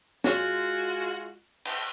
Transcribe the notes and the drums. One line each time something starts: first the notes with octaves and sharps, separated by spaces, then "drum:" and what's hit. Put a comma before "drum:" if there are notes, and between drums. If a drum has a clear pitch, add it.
G#3 F4 F#4, drum: snare
drum: cymbal